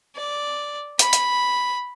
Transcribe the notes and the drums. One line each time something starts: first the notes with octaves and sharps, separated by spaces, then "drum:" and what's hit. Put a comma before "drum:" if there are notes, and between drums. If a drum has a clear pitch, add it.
D5
B5, drum: hi-hat
drum: hi-hat